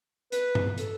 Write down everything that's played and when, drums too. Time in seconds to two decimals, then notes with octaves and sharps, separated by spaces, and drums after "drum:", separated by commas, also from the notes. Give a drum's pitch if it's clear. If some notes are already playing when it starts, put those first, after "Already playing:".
0.32 B4, drum: hi-hat
0.55 drum: tom G2
0.78 A4, drum: hi-hat